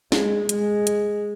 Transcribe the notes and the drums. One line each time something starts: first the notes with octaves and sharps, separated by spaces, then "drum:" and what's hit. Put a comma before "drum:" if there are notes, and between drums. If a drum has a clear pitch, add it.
G#3, drum: snare
G#3, drum: hi-hat
drum: hi-hat